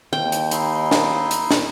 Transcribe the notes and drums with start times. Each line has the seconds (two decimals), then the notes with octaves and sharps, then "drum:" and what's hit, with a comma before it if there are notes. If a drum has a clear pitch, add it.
0.13 D#2 G5
0.32 drum: hi-hat
0.51 D#4 E4 C6, drum: hi-hat
0.91 drum: snare
1.31 drum: hi-hat
1.51 drum: snare